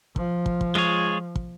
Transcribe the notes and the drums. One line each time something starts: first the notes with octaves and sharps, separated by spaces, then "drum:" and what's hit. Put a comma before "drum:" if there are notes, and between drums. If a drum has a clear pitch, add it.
F3, drum: kick
drum: kick
drum: kick
G#3 F4 G#4 C#5
drum: kick